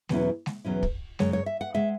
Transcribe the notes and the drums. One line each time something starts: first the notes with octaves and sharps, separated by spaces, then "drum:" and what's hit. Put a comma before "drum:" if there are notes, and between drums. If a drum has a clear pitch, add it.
E2 B2 F#3 C#4 E4, drum: snare G#3
drum: snare G#3
E2 B2 F#3 C#4 E4
drum: kick
F#2 C#3 G#3 C#5, drum: snare G#3
C#5
E5
F#5
C#3 G#3 E5